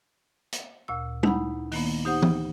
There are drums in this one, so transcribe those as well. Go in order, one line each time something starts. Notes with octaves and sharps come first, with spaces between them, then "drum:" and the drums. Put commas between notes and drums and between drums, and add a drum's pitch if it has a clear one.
drum: hi-hat
D2 A#2 E6
D#4 E4 F#5 B5, drum: tom
D#3 A#3 B3, drum: open hi-hat
D#4 G4 C5 F#5 D#6
drum: tom